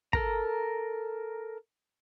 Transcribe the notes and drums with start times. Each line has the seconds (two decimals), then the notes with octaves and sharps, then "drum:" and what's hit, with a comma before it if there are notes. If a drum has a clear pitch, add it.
0.13 A4 A#4 A#5, drum: kick